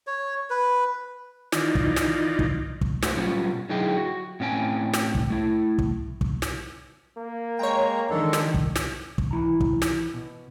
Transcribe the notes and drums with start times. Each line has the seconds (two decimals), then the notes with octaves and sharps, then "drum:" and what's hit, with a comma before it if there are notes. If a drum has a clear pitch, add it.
0.07 C#5
0.50 B4
1.52 D#3 E3 D#4 F4 D5, drum: snare
1.75 drum: kick
1.96 drum: snare
2.39 drum: kick
2.81 drum: kick
3.03 A3 F#4 C5, drum: snare
3.17 B2 F#3 G3 C#4 F4
3.69 D3 F#3 D#4 E4 G#4 G5
3.97 F#4
4.40 A2 C4 C#4 G5 G#5
4.94 drum: snare
5.15 drum: kick
5.30 A3 E4
5.78 drum: kick
6.21 drum: kick
6.42 drum: snare
7.17 A#3
7.59 G#3 C#5 G5 A#5
8.10 D#3 G#3 D4 A4
8.33 drum: snare
8.54 drum: kick
8.76 drum: snare
9.18 drum: kick
9.31 E3 E4 A#5
9.60 drum: kick
9.82 drum: snare
10.14 B2